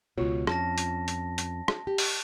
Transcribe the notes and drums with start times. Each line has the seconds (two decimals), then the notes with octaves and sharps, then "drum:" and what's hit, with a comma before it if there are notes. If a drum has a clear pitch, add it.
0.18 C#2 B2 F4 F#4 C#5
0.47 F2 C#4 A5 A#6, drum: rim click
0.78 drum: hi-hat
1.08 drum: hi-hat
1.38 drum: hi-hat
1.68 drum: rim click
1.87 G4
1.98 drum: open hi-hat